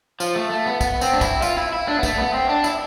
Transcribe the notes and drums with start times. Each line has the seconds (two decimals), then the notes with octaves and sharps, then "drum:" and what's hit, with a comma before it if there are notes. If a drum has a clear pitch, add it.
0.20 F3, drum: tambourine
0.35 A3
0.50 A3
0.66 B3
0.81 B3, drum: kick, tambourine
1.01 C4, drum: tambourine
1.13 D4
1.21 E4, drum: kick, tambourine
1.42 F4, drum: tambourine
1.57 E4
1.73 E4
1.88 D4
1.99 B3
2.03 A3, drum: kick, tambourine
2.18 B3
2.34 C4
2.49 D4
2.64 E4, drum: tambourine